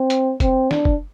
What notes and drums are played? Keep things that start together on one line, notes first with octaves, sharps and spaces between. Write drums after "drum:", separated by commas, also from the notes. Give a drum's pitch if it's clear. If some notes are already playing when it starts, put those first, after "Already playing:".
Already playing: C4
drum: hi-hat
C4, drum: kick, hi-hat
D4, drum: snare
drum: kick